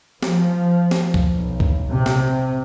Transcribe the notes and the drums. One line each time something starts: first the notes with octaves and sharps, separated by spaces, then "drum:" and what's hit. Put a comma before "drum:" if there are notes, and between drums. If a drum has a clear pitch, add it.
F3, drum: snare
drum: snare
drum: kick C#2
B1
drum: kick C#2
C3
drum: snare